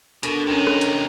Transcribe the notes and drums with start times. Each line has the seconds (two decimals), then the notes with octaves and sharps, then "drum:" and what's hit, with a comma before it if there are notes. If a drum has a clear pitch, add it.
0.23 B2 D4 A4 A#4 A#6, drum: hi-hat
0.47 C3 C#4 D#4 E7
0.67 drum: rim click
0.81 drum: hi-hat